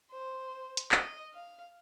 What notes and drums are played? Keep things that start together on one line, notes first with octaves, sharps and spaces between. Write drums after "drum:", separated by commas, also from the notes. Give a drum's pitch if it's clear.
C5
drum: hi-hat
D#5, drum: clap
F5